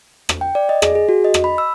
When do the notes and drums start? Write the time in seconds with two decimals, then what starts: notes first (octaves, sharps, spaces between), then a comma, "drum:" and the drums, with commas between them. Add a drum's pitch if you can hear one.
0.29 drum: rim click
0.41 G5
0.55 D5
0.69 D#5
0.82 G#4, drum: rim click
0.95 G#4
1.09 F#4
1.24 D#5
1.34 drum: rim click
1.44 B5
1.58 E6